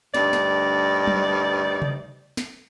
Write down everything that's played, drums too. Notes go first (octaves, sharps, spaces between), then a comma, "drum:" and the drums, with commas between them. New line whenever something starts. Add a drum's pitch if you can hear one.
D2 G2 D#4 D5, drum: snare
drum: snare
drum: tom F#3
drum: tom C3
drum: snare